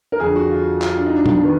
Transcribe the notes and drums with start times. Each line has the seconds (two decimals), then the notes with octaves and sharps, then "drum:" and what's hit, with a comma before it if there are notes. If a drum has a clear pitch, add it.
0.12 A#4
0.20 F2 D3 G#4
0.36 F#4
0.51 F4
0.82 F4, drum: clap
0.97 D4
1.06 D#4
1.16 D4
1.26 drum: tom
1.43 D#3 B3